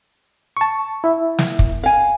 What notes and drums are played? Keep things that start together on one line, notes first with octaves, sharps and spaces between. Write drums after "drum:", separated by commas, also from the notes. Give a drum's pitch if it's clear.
A5 C#6
E4 E5
drum: snare
drum: kick
F5 G#5